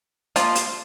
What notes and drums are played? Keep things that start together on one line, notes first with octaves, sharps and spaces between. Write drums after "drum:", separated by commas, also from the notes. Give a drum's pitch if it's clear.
F3 A#3 F4, drum: hi-hat
drum: hi-hat